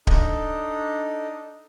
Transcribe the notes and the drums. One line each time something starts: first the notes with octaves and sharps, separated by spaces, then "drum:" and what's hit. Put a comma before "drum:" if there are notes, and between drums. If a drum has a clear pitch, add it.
D4 D#4 A4 D#5, drum: kick D1